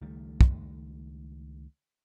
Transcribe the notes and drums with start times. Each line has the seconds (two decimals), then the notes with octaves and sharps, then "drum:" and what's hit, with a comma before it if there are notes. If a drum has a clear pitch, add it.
0.02 C#2 D#3 G3 A3
0.41 drum: kick